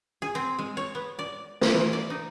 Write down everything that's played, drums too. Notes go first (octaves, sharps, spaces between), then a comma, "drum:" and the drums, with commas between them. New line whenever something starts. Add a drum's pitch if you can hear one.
G#4
C4
G#3
C#5
B3
D5
drum: snare
E3
D5
D#4